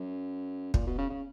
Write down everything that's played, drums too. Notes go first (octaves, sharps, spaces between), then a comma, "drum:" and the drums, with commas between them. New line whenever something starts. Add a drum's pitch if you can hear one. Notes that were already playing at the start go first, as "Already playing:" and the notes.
Already playing: F#2
A#2, drum: kick
B2
C#3
C#3